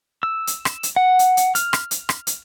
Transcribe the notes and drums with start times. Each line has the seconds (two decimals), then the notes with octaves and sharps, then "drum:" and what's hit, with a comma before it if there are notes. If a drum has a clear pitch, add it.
0.23 E6
0.47 drum: hi-hat
0.65 drum: rim click
0.83 drum: hi-hat
0.96 F#5
1.19 drum: hi-hat
1.37 drum: hi-hat
1.55 F6, drum: hi-hat
1.73 drum: rim click
1.91 drum: hi-hat
2.09 drum: rim click
2.27 drum: hi-hat